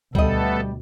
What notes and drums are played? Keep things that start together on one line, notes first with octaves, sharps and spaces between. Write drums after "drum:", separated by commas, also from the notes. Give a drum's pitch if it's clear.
D2 B2 G3 A3 B3 A4 D#5, drum: kick C2